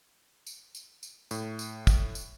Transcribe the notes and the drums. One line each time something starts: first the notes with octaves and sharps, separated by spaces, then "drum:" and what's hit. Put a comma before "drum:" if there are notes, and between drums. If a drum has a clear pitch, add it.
drum: tambourine
drum: tambourine
drum: tambourine
A2, drum: tambourine
drum: tambourine
drum: kick, tambourine
drum: tambourine